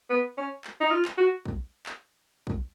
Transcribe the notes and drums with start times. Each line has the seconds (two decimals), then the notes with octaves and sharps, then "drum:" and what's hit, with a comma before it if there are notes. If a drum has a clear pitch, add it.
0.10 B3
0.37 C#4
0.64 drum: clap
0.81 D#4
0.91 F4
1.05 drum: clap
1.18 F#4
1.45 drum: kick
1.86 drum: clap
2.47 drum: kick